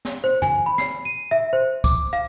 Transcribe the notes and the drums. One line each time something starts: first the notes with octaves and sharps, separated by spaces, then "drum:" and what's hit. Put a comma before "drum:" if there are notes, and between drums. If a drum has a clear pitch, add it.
drum: snare
C5
G#5, drum: tom
B5
C7, drum: snare
D#7
E5
C5
D6, drum: kick, tambourine
F5